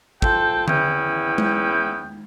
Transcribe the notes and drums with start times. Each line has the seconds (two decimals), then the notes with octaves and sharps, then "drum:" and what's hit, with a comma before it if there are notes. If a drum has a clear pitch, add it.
0.22 F4 A4 C5 G5, drum: kick
0.68 E2 B3 C#4 E4 G5, drum: tom D3
1.38 drum: tom G#3